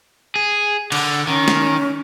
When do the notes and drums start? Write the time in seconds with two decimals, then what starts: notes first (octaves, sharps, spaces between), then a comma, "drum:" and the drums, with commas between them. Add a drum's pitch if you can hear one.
0.35 G#4
0.92 D3 F#5, drum: cymbal
1.27 D#3 C#4
1.48 drum: snare